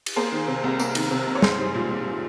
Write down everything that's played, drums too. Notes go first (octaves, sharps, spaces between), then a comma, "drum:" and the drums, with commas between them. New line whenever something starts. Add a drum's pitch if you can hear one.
drum: cymbal
A#3 G#4 C5
D#3
C3
C2
A#3, drum: tambourine
D#3, drum: cymbal
C3
C2
C#5
C2 G#4 C5, drum: snare
G3
A#2
C2